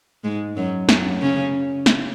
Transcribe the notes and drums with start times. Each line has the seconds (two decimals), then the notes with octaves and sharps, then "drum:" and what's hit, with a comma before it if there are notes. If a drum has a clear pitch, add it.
0.24 G#2 G#3
0.57 F#2 F#3
0.89 F#2 F#3, drum: snare
1.21 C#3 C#4
1.86 drum: snare